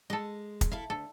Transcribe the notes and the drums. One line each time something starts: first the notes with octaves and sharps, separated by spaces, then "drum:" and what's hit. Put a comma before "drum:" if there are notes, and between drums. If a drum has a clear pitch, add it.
G#3 A4 D#5
drum: kick, hi-hat
E4 A4 F5
D2 A4